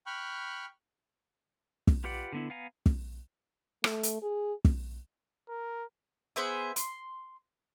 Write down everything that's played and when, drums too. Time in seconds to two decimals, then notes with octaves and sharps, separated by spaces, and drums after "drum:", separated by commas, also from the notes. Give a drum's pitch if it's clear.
0.06 G5 B5 C#6 F6 F#6
1.87 drum: kick
2.04 F4 G4 B4 D5 F#5
2.33 D3 B3 E4
2.50 B3 F5 G#5 A#5
2.86 drum: kick
3.84 A3, drum: rim click
4.03 drum: hi-hat
4.22 G#4
4.65 drum: kick
5.49 A#4
6.36 B3 G#4 C5 E5
6.76 C6, drum: hi-hat